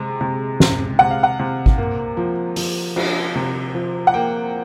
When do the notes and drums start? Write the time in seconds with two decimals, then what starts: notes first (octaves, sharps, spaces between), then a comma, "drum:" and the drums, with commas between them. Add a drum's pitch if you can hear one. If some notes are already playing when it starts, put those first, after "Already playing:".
Already playing: C3 G#3
0.21 C3
0.60 C3, drum: snare
0.99 C3 F#5
1.11 F5
1.23 F#5
1.39 C3
1.66 drum: kick
1.78 A#3
2.17 F3
2.56 F3, drum: open hi-hat
2.96 F3, drum: cymbal
3.35 C3
3.75 F3
4.07 F#5
4.14 A#3 G5